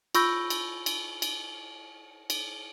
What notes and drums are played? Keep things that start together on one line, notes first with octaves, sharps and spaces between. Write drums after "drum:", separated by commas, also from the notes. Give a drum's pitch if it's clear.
F4 B5 C#6 E6 G6 A#6, drum: cymbal
drum: cymbal
drum: cymbal
drum: cymbal
drum: cymbal